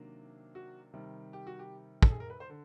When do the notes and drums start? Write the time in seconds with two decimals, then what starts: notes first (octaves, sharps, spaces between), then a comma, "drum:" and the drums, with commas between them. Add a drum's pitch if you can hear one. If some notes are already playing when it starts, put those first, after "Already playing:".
Already playing: C3 D#3 F#3 A#3 D4
0.55 F#4
0.94 C3 D#3 G3
1.33 G4
1.47 F#4
1.59 G4
2.02 A4, drum: kick
2.10 G#4
2.20 A#4
2.30 B4
2.40 C5
2.49 D3